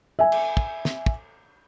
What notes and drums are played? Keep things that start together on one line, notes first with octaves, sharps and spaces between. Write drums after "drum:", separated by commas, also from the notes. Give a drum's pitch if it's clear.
E5 G#5
drum: cymbal
drum: kick
drum: snare
drum: kick